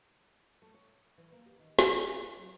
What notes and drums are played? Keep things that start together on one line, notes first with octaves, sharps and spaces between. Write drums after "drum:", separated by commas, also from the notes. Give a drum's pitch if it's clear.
A3
C#5
E3
A#3
G4
D#3
C#4, drum: snare
A#5
D5
F#3